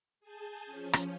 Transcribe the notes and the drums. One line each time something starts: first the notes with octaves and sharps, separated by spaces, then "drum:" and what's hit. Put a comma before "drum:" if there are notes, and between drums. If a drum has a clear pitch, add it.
G#4 G#5 A5 G6
F3 C#4
drum: rim click